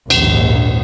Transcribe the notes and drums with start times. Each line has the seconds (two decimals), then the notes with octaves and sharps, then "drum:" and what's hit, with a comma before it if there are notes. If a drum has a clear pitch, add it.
0.10 A#1 D#2 G#2, drum: cymbal